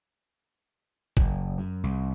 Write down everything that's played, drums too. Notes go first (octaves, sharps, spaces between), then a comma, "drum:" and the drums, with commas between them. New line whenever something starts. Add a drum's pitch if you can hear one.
F#1, drum: kick G1
F#2
C2